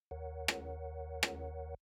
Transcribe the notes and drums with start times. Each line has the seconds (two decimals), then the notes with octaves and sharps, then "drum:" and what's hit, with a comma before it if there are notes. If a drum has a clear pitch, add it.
0.11 D#2 A#4 C#5 F#5
0.48 drum: rim click
1.23 drum: rim click